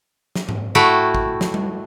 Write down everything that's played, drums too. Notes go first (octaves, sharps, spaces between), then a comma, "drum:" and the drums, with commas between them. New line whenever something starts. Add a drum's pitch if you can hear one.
drum: snare
drum: tom G#2
A3 E4 F#4 G5
drum: kick G#1
drum: snare
drum: tom G3